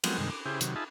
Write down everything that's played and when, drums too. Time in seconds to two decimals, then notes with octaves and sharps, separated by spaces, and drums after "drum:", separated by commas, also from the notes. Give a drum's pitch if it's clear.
0.04 F3 F#3 G#3 B3 C4, drum: cymbal
0.18 G2 C3 D#3 G#3
0.30 D6
0.45 C#3 E4 G4 G#4 C5
0.61 C3 D#3 F#3, drum: hi-hat
0.76 D#4 F4 G#4 E5 A5 B5